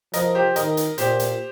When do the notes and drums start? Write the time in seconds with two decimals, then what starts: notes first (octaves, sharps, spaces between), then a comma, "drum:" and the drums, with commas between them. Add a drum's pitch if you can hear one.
0.13 F3 A#4 D#5, drum: hi-hat
0.35 G4 C5
0.56 D#3 A#4 D#5, drum: hi-hat
0.77 drum: hi-hat
0.98 A#2 G4 C5, drum: hi-hat
1.20 drum: hi-hat